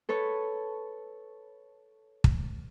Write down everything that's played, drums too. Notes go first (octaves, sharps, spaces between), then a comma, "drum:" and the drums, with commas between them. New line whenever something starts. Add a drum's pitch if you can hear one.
A4 B4 C#5
drum: kick